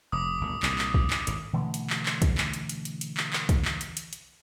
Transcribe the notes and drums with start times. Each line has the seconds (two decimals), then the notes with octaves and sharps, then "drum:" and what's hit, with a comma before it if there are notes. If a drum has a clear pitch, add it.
0.12 F1 D6 D#6
0.41 G1 D2 A#2
0.63 C2 A#2, drum: clap
0.78 drum: clap
0.94 drum: kick
1.10 drum: clap
1.27 G#1 A2, drum: hi-hat
1.53 B2 D3 E3 A3
1.74 drum: hi-hat
1.90 drum: clap
2.06 drum: clap
2.22 drum: kick, hi-hat
2.38 drum: clap
2.54 drum: hi-hat
2.69 drum: hi-hat
2.85 drum: hi-hat
3.01 drum: hi-hat
3.17 drum: clap
3.33 drum: clap
3.49 drum: kick, hi-hat
3.65 drum: clap
3.81 drum: hi-hat
3.97 drum: hi-hat
4.13 drum: hi-hat